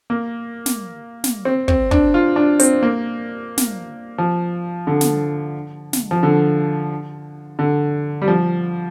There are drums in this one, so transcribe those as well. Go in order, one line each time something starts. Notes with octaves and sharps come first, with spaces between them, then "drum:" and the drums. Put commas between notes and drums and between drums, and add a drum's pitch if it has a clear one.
A#3
drum: snare
drum: snare
C4
C4, drum: kick
D4, drum: kick
F4
D4
C4, drum: hi-hat
A#3
drum: snare
F3
D3
drum: snare
drum: snare
F3
D3
D3
G3
F3